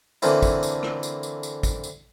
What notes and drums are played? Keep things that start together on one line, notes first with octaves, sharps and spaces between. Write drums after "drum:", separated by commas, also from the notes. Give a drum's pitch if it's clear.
D3 E3 A3 A#3 C4 E4, drum: tambourine
drum: kick, tambourine
drum: tambourine
drum: rim click
drum: tambourine
drum: tambourine
drum: tambourine
drum: kick, tambourine
drum: tambourine